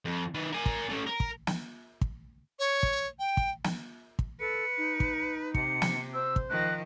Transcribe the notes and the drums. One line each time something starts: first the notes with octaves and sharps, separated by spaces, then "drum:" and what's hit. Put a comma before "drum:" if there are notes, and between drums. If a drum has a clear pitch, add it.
F2
D#3 B4
A#4 G#5
drum: kick
A3 C#4
A#4
drum: kick
drum: snare
drum: kick
C#5
drum: kick
G5
drum: kick
drum: snare
drum: kick
A4 B4 C#7
D#4
drum: kick
C3 C#7, drum: kick
drum: snare
C5 E6
drum: kick
D#3 F3 F#6